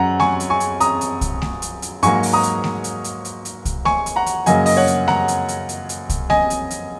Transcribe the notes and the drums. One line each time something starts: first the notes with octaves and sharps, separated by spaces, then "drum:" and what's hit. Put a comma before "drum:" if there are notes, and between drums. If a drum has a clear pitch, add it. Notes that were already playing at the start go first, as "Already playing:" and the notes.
Already playing: F#2 F#3 C#4 F#5 A#5
G#5 C#6, drum: snare A3
drum: hi-hat
G#5 C#6
drum: hi-hat
A#5 D#6, drum: hi-hat
drum: hi-hat
drum: kick C2, hi-hat
drum: snare A3
drum: hi-hat
drum: hi-hat
G#2 F#3 A#3 G#5 C#6, drum: hi-hat
drum: open hi-hat
A#5 D#6
drum: hi-hat
drum: snare A3
drum: hi-hat
drum: hi-hat
drum: hi-hat
drum: hi-hat
drum: kick C2, hi-hat
G#5 C#6, drum: snare A3
drum: hi-hat
F#5 A#5
drum: hi-hat
F#2 C#3 F#3 A#3 D#5 G#5, drum: hi-hat
D#5, drum: open hi-hat
C#5 F#5
drum: hi-hat
F#5 A#5, drum: snare A3
drum: hi-hat
drum: hi-hat
drum: hi-hat
drum: hi-hat
drum: kick C2, hi-hat
D#5 G#5, drum: snare A3
drum: hi-hat
drum: hi-hat